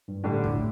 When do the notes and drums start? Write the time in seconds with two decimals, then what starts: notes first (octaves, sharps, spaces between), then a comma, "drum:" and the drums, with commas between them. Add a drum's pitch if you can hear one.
0.08 G2
0.23 A2 D3 G3 D4 G4
0.44 drum: kick
0.53 A2